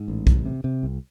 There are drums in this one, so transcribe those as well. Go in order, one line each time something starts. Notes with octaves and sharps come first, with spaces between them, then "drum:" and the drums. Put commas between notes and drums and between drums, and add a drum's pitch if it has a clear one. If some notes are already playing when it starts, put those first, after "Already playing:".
Already playing: G#2
A1
C2, drum: kick B1
C3
C3
C2